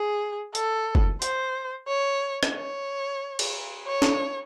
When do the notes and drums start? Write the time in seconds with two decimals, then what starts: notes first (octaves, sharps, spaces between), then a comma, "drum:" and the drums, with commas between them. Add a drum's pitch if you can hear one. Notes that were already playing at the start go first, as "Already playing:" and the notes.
Already playing: G#4
0.55 A4, drum: hi-hat
0.95 drum: kick F#1
1.22 C5, drum: hi-hat
1.88 C#5
2.43 drum: rim click
2.54 C#5
3.39 drum: cymbal
3.88 C#5
4.02 drum: snare